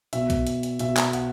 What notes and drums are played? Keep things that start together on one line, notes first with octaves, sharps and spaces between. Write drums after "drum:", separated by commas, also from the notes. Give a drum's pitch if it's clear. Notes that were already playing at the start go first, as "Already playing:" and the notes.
B2 E5, drum: hi-hat
drum: kick B1, hi-hat
drum: hi-hat
drum: hi-hat
B2 E5, drum: hi-hat
drum: clap
F#5, drum: hi-hat